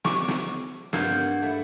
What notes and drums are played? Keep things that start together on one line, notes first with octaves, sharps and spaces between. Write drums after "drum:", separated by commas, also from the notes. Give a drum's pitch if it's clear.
C#6 D6, drum: snare
drum: snare
G2 A#3 F#5 G6, drum: snare
A3 E4